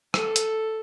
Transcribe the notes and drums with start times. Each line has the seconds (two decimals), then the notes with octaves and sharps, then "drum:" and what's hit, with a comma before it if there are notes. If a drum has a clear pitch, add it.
0.14 A4, drum: rim click
0.36 drum: hi-hat